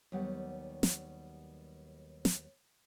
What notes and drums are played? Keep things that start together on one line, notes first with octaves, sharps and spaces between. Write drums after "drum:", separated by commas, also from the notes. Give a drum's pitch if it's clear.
D#2 F#3 G3 B3 F#5
drum: snare
drum: snare